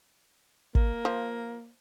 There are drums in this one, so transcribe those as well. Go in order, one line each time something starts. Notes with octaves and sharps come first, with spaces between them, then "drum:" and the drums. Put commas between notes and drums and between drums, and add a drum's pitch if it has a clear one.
A#3, drum: kick
F3